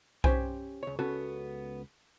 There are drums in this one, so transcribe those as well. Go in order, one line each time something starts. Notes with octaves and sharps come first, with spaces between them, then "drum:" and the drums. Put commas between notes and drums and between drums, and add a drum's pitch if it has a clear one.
C#4 G4 C5 G5 G#5, drum: kick B1
C#2 C#5
C#2 B3 C#4 F#4 A4